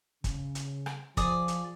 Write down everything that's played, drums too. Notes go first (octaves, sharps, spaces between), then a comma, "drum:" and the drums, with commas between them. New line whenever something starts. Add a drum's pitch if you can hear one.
C#3, drum: kick, hi-hat
drum: hi-hat
drum: rim click
F3 G#4 D5 D#6, drum: kick, hi-hat
drum: hi-hat